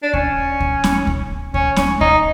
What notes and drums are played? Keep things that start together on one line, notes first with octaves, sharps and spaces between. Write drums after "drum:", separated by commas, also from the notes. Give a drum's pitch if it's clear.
D4
C#4, drum: kick D2
drum: kick D2
drum: snare C#4
drum: kick D2
C#4, drum: kick D2
C#4, drum: snare C#4
D#4, drum: kick D2